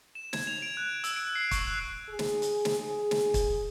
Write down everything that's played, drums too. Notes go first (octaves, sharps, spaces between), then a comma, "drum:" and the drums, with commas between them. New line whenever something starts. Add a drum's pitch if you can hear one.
E7
G#6, drum: snare
F7
D7
F#6
E7
E6, drum: hi-hat
D7
C7
C#6, drum: kick, hi-hat
F#6
G#4
drum: snare
drum: hi-hat
drum: snare
G#4
drum: snare
drum: kick, hi-hat